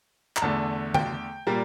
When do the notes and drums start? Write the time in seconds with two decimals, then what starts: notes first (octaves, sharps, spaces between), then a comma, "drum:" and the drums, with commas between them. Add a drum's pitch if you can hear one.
0.36 A#5, drum: clap
0.42 E2 D3 A3 A5
0.94 G5, drum: tom D3
1.47 A#2 G3 A#3